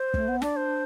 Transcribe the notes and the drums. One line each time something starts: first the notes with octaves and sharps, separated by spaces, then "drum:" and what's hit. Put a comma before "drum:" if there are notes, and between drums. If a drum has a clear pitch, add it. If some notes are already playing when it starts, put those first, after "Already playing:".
Already playing: C5
A3, drum: kick
B3
D4 D5, drum: snare
C5